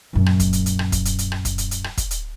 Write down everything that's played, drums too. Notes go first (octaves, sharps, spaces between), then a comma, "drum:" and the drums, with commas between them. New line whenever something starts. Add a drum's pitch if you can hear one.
A#1 F#2
drum: rim click
drum: kick, hi-hat
drum: hi-hat
drum: hi-hat
drum: rim click
drum: kick, hi-hat
drum: hi-hat
drum: hi-hat
drum: rim click
drum: kick, hi-hat
drum: hi-hat
drum: hi-hat
drum: rim click
drum: kick, hi-hat
drum: hi-hat